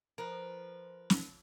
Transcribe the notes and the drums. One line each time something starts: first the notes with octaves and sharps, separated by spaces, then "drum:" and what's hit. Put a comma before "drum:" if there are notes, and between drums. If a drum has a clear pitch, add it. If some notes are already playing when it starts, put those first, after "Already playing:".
F3 A#4 B4
drum: snare